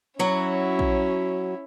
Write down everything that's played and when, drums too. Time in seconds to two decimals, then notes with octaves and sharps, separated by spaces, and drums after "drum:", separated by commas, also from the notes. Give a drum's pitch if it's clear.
0.19 F#3 C#4 E4 F#4
0.79 drum: kick A#1